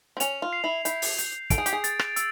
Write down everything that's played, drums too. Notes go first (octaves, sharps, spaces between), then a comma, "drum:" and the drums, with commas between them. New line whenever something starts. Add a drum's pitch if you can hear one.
C4
C#4 F7, drum: hi-hat
F4
C7
E4
E4 G6, drum: hi-hat
drum: open hi-hat
G6, drum: hi-hat
A4 D7, drum: kick, hi-hat
G#4
G4, drum: hi-hat
G#4
A6, drum: hi-hat
drum: rim click
E6, drum: hi-hat